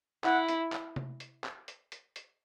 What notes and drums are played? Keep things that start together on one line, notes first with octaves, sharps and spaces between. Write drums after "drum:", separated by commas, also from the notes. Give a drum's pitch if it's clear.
E4 F#5, drum: clap
drum: hi-hat
drum: clap
drum: tom C3
drum: hi-hat
drum: clap
drum: hi-hat
drum: hi-hat
drum: hi-hat